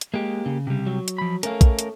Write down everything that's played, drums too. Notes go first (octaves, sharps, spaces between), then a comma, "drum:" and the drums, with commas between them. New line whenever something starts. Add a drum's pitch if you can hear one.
drum: hi-hat
G#3 A#3 G4
C#3
C3 G3
F#3
drum: hi-hat
F3 B5
A3 C#4 A#4 F5, drum: hi-hat
drum: kick, hi-hat
drum: hi-hat